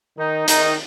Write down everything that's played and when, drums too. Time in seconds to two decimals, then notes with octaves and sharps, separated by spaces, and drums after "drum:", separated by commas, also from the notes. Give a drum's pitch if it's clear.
0.18 D#3 D#4
0.48 D#3 D#4, drum: hi-hat